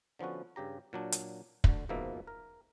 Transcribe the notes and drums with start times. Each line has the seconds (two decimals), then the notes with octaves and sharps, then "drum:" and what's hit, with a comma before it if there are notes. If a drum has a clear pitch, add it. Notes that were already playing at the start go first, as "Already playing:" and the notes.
0.19 D3 F3 B3 C#4 F#4
0.56 G2 C#3 G4 A#5
0.93 A#2 F#3 D4
1.12 drum: hi-hat
1.64 D2 D3, drum: kick
1.89 C#2 G#2 B2 F3 A#3 E5
2.27 A#4